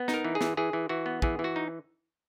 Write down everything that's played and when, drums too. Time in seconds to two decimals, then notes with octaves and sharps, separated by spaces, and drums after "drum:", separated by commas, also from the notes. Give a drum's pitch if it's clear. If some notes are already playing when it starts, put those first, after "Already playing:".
Already playing: B3
0.08 D#4, drum: snare
0.14 A#4
0.25 E3
0.35 G#4
0.41 E3, drum: snare
0.57 E3 G#4
0.73 E3
0.89 E3 F#4
1.06 B3
1.22 E3 G#4, drum: kick
1.39 E3
1.44 F#4
1.56 D#4